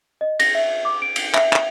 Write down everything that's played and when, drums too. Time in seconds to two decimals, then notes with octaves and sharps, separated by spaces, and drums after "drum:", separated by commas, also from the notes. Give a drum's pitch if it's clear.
0.21 D#5
0.40 A#6, drum: cymbal
0.55 E5
0.85 D6
1.02 D7
1.16 drum: cymbal
1.34 E5, drum: clap
1.53 drum: clap